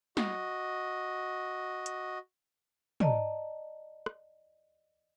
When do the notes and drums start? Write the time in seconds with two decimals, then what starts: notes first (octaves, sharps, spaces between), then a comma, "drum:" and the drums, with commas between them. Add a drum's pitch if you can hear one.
0.17 F#4 D#5, drum: snare
1.86 drum: hi-hat
3.00 D5 D#5 A5 A#5, drum: tom
4.06 drum: rim click